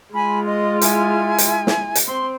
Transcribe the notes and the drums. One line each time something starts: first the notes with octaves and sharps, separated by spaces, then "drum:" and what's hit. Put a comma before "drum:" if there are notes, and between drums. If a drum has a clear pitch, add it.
G#3 F4 G#5 B5
D#5
E4 G#5, drum: hi-hat
drum: hi-hat
drum: snare
drum: hi-hat
C4 C6